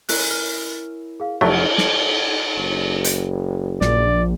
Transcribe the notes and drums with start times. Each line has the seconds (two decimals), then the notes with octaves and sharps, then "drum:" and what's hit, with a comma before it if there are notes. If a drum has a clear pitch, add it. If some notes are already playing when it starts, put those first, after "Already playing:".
0.09 C#4 E4 A#4 F#6, drum: open hi-hat
0.31 F6
1.20 G#4 F5
1.41 F1 F#3 A3 E4 G4 D#5 F#5 F6, drum: cymbal
1.78 drum: snare
2.58 F#1
3.04 drum: hi-hat
3.81 A#1 D5, drum: snare